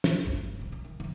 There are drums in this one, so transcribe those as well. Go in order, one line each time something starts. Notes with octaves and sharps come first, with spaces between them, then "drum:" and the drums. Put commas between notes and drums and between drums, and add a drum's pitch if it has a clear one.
drum: snare
G1 C#2
A#3
B1 F4
C#4
D#3
D#3 F3